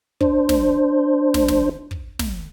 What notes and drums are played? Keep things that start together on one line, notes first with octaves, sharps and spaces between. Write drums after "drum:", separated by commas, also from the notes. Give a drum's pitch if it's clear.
D4 C5, drum: kick
drum: snare
drum: snare
drum: snare
drum: kick
drum: snare